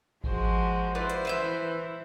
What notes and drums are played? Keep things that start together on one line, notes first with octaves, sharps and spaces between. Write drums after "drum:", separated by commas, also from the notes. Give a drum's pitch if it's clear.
F3 G#3 F#4 C5, drum: kick G#1
E4 F4 B4 C5 D5
drum: hi-hat
E3 B4 E5 G6